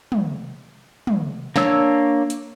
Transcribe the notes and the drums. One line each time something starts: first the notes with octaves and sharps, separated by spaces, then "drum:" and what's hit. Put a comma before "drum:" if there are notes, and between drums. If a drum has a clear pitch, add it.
drum: tom
drum: tom
A#3 D4 C#5 E6, drum: snare
drum: hi-hat